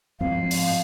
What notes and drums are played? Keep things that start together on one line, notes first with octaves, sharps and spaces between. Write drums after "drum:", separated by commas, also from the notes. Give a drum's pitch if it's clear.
G#2 F3 C4 F5
drum: open hi-hat